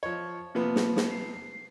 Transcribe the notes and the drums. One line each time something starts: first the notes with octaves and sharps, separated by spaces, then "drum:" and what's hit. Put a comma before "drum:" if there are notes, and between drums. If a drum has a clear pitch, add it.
F3 C#5
C3 F3 A#3 B3
drum: snare
drum: snare
C7